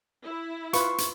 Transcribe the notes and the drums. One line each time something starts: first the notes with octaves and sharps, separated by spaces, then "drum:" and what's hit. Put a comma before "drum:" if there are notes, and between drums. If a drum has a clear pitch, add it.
E4
F4 B4 C#6, drum: hi-hat
drum: hi-hat